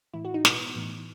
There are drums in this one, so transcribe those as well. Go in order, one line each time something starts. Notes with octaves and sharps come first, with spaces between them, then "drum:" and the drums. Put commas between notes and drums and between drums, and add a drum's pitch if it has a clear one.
A2 E3 E4
F#4
D#4
B2 B3, drum: snare
A2 E3